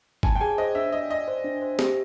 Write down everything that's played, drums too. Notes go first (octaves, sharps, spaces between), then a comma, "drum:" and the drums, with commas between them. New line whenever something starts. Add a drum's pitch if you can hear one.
G#5 A5, drum: kick G1
G5
G#4 G#5
C5 D#5
D4 E5
D5 D#5
D5 D#5
C5
D4
C5
G4, drum: snare